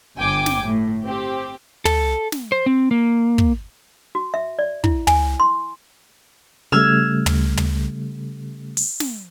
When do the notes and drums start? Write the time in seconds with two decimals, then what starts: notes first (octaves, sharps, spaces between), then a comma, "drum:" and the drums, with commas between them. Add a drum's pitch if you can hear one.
0.17 G1 G2 G5 G#5 D6
0.46 drum: snare
0.63 A2
1.05 C4 G4
1.85 A4, drum: tom
2.32 drum: snare
2.52 C5
2.66 C4
2.91 A#3
3.38 drum: kick
4.15 F#4
4.34 E5
4.59 D5
4.84 E4, drum: kick
5.07 G#5, drum: tom
5.40 C6
6.72 C#3 G3 A3 E6 F6 G#6
7.26 drum: tom
7.57 drum: tom
8.77 drum: open hi-hat
9.00 drum: snare